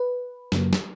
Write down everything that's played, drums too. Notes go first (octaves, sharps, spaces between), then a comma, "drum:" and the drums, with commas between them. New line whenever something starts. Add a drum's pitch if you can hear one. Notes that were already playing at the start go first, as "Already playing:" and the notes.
Already playing: B4
F#2 C#3 F#3 A#3, drum: snare
drum: snare